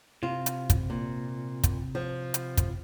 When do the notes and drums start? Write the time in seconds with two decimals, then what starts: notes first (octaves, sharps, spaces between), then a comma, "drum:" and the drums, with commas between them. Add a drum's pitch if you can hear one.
0.23 C3 F4
0.46 drum: hi-hat
0.70 drum: kick, hi-hat
0.90 A#2
1.64 drum: kick, hi-hat
1.95 F3
2.34 drum: hi-hat
2.57 drum: kick, hi-hat